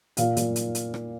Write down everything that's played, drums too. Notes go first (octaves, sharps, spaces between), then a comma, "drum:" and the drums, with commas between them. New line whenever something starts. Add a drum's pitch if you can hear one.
A#2 F5, drum: hi-hat
A#2, drum: hi-hat
drum: hi-hat
drum: hi-hat
drum: rim click